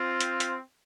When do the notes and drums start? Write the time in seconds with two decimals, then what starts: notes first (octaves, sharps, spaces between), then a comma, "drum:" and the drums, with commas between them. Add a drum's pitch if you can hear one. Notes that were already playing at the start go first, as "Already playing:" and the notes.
Already playing: C4 F4
0.21 drum: hi-hat
0.40 drum: hi-hat